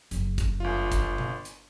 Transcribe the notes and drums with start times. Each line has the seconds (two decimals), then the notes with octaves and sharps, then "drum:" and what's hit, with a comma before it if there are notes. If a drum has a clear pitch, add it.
0.11 F#1, drum: hi-hat
0.38 drum: kick, hi-hat
0.60 G1 F4
0.92 drum: kick, hi-hat
1.18 drum: tom B2
1.45 drum: hi-hat